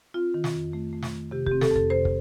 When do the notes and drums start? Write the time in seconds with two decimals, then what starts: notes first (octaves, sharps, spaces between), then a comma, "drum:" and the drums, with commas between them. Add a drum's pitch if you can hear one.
0.14 C4 F4
0.34 D#3
0.44 drum: snare
0.54 F2
0.73 A3
0.93 A3
1.03 drum: snare
1.13 D#3
1.31 C3 G4
1.46 G4, drum: kick
1.51 C4
1.61 A4, drum: snare
1.71 F2
1.76 A4, drum: kick
1.90 C3 C5
2.05 drum: kick